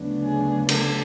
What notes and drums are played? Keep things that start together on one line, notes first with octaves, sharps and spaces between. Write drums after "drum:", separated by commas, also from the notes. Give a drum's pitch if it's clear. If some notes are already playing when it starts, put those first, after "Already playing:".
Already playing: D2 C#3 F#3 B3 D4
G#4
A4, drum: cymbal